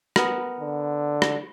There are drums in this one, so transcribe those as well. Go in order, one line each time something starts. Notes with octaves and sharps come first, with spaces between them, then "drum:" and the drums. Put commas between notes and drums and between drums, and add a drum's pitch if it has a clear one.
B3 A#4, drum: rim click
D3
drum: rim click